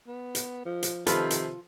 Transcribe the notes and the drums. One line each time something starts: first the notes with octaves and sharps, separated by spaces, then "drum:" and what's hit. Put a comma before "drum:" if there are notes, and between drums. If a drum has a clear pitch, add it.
B3
drum: hi-hat
F3
drum: hi-hat
C3 D#3 F3 F4 A4 B4, drum: hi-hat
drum: hi-hat